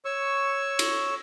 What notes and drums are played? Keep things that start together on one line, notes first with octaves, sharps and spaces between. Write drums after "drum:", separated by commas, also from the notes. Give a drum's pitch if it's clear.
C#5 C#6 E6
drum: cymbal